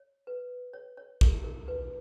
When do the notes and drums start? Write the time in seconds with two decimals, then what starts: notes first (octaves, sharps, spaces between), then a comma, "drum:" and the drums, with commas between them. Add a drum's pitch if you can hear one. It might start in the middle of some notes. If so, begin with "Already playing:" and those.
Already playing: C#5
0.27 B4
0.73 C#5
0.97 C#5
1.21 A#4, drum: kick
1.44 A#4
1.68 B4